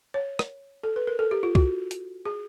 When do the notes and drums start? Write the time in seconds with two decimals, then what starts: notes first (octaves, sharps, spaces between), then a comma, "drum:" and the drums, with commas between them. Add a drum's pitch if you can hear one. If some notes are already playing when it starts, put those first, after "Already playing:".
0.14 C#5
0.39 drum: rim click
0.83 A4
0.96 B4
1.07 A#4
1.19 A4
1.31 G4
1.43 F4
1.55 F#4, drum: kick C2
1.91 drum: hi-hat
2.25 G#4